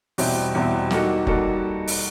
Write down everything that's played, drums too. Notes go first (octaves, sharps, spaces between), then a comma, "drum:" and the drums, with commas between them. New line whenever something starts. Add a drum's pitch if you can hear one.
E2 B2 G3 C4 E4, drum: open hi-hat
E2 B2 G3 C4 E4
G3 A#3 D#4 F#4 A4, drum: snare
G3 A#3 D#4 F#4 A4, drum: kick F1
drum: open hi-hat